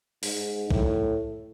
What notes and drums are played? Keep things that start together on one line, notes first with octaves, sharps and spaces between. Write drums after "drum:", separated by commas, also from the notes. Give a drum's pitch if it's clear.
G#2, drum: open hi-hat
A2, drum: kick